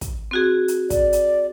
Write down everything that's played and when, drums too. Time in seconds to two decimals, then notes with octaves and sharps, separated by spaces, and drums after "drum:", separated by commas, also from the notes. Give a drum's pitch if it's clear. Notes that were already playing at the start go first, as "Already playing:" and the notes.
0.01 drum: kick, hi-hat
0.31 C4 F#4 G#4
0.68 drum: hi-hat
0.90 D5, drum: kick, hi-hat
1.13 drum: hi-hat